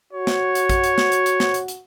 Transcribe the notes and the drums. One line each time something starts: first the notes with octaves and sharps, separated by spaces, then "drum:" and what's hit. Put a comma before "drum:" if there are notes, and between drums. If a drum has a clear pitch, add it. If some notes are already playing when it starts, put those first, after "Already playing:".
F#4 C#5
drum: snare
drum: hi-hat
drum: kick, hi-hat
drum: hi-hat
drum: snare
drum: hi-hat
drum: hi-hat
drum: snare
drum: hi-hat
drum: hi-hat